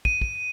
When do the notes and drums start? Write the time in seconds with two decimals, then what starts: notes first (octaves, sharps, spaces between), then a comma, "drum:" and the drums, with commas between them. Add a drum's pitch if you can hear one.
0.05 D#7, drum: kick
0.21 drum: kick